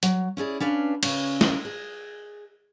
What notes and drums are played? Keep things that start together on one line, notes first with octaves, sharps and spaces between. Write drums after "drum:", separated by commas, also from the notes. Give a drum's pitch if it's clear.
F#3, drum: hi-hat
C#4 E4 G#4 D5
C#4 D4 B4 F5
C#3 C#4, drum: cymbal
drum: snare
G#4